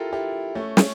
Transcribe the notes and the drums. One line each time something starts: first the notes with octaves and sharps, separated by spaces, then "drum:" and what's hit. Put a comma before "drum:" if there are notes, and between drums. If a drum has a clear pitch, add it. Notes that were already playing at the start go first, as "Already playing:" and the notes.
Already playing: E4 F4 G4 A4 A#4
E4 G4
A3 C#4
A3 C#4, drum: snare